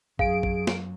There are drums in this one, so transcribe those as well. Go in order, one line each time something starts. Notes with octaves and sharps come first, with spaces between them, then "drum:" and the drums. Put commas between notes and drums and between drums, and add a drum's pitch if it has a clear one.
F#2 F#3 G#4 F5 D7, drum: kick
drum: kick
drum: snare